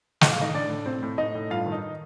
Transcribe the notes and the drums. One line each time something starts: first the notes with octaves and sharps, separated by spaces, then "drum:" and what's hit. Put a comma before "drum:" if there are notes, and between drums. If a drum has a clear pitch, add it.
A2 D#5, drum: snare
F5
A2 D#4 D#5
A2 D4 D5
A2
A2 C4 C5
A2
A2 D#4 D#5
A2
G2 F4 F5
D#3
D#4 D#5